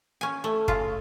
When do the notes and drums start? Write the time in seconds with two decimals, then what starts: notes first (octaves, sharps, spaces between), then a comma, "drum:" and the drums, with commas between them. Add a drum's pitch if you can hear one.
0.21 C#4 G#5
0.44 A3
0.68 C#3 F4, drum: kick